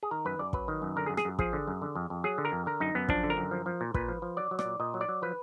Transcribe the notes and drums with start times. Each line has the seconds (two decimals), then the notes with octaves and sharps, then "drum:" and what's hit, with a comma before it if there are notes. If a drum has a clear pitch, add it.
0.03 G#4
0.11 D#3 A#4
0.25 F#2 B4
0.39 F#2 D5
0.53 F#3 B4, drum: kick
0.68 D#3
0.82 F#2
0.96 D3 A#4
1.06 G#4
1.10 F#2
1.17 G#4, drum: rim click
1.25 F#2
1.39 F3 G#4, drum: kick
1.53 D3
1.67 F#2
1.82 D3
1.95 F2
2.10 F2
2.24 F#3 G#4
2.38 D3
2.45 A#4
2.52 F2
2.66 D3 A#4
2.80 F#2 D#4
2.95 F#2 B3
3.09 F3 D4, drum: kick
3.24 D3
3.30 A#4
3.37 F#2
3.51 F3
3.66 F3
3.81 A#2
3.94 A#2 B4, drum: kick
4.09 F3
4.22 F3
4.37 F#3 D5
4.51 F#3
4.59 D5, drum: rim click
4.65 A#2
4.80 A#2 D#5
4.94 F#3
5.01 D5
5.09 F#3
5.22 F3 B4